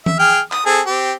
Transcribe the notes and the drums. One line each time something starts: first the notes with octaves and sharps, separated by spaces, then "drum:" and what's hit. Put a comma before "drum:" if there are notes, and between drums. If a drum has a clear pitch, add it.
E5, drum: tom E3
G#4 G5 F6
D#6, drum: clap
C4 G#4 A4
C4 G4